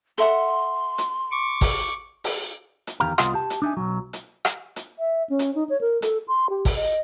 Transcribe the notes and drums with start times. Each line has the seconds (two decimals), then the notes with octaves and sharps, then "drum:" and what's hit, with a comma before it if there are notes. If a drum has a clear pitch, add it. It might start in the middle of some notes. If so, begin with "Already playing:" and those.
0.18 A4 E5 F#5 C6
0.98 drum: hi-hat
1.31 C#6 D6
1.61 drum: kick, open hi-hat
2.24 drum: open hi-hat
2.87 drum: hi-hat
3.00 E2 D#3 G4 F5 A#5
3.18 C2 B3 F4 D#5 C6, drum: rim click
3.34 G4 A5
3.50 drum: hi-hat
3.62 D4 D#4 E5 G#5
3.77 B1 F#3
4.13 drum: hi-hat
4.45 drum: rim click
4.76 drum: hi-hat
4.99 E5
5.30 C#4
5.39 drum: hi-hat
5.55 D#4
5.70 C#5
5.81 A#4
6.02 A4, drum: hi-hat
6.28 C6
6.50 G4
6.65 drum: kick, open hi-hat
6.76 D#5